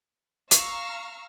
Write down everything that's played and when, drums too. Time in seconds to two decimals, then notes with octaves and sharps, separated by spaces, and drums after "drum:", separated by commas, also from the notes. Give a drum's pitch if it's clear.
0.51 F5 A#5 C#6 E6 F6, drum: hi-hat